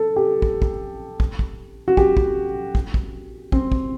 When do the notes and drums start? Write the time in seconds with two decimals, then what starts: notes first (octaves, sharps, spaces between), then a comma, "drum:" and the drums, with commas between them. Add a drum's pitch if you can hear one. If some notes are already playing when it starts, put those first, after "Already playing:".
Already playing: A4
0.16 G4
0.42 drum: kick
0.62 drum: kick
1.20 drum: kick
1.39 drum: kick
1.88 F#4
1.97 G4, drum: kick
2.17 drum: kick
2.75 drum: kick
2.94 drum: kick
3.52 C4, drum: kick
3.72 drum: kick